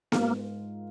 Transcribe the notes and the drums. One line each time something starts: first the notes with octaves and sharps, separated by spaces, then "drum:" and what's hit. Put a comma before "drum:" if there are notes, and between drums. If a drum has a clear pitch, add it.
G#2 G#3 A#3 F4 A#4 F5, drum: snare B3